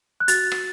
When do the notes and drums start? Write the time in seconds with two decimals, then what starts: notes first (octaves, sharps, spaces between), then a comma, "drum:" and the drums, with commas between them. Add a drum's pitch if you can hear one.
0.20 F#6
0.28 F#4 A6, drum: hi-hat
0.52 drum: rim click